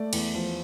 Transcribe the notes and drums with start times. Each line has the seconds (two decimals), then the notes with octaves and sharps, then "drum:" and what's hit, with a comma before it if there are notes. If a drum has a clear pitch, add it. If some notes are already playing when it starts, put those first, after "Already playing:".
Already playing: A3 D5
0.13 E2, drum: cymbal
0.35 F3